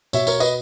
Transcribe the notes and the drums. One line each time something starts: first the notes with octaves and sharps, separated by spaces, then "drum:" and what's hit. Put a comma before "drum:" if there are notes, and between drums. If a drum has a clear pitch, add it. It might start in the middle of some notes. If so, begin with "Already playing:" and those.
B2 C#5 E5, drum: tambourine
A#4 C#5, drum: tambourine
B4 D#5, drum: tambourine